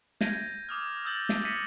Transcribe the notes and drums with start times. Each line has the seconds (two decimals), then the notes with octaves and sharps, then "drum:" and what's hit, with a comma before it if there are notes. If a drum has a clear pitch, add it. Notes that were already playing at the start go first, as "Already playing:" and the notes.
0.21 G6 G#6 A#6 D#7, drum: snare
0.69 D6 D#6 F6
1.05 D#6 E6 G6 A6 F#7
1.29 drum: snare
1.45 A#6 B6 C#7 D#7